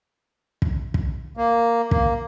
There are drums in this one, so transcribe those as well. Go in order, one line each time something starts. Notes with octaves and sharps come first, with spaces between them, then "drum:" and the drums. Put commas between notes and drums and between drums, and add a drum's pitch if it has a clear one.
drum: kick
drum: kick
A#3
A#3, drum: kick